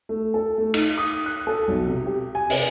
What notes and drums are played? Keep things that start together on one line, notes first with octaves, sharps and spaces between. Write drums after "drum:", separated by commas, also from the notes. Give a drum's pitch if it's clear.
A3
A4
A3
D#4, drum: cymbal
D#6
F#6
A4
B1
C3
G4
G#5
C3, drum: open hi-hat